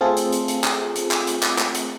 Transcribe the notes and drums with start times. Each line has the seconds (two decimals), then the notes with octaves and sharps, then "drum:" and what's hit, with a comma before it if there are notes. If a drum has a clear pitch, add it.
0.01 A3 C4 F4 G#4 A4
0.16 drum: hi-hat
0.32 drum: hi-hat
0.48 drum: hi-hat
0.64 drum: clap
0.95 drum: hi-hat
1.11 drum: clap
1.27 drum: hi-hat
1.43 drum: clap
1.59 drum: clap
1.74 drum: hi-hat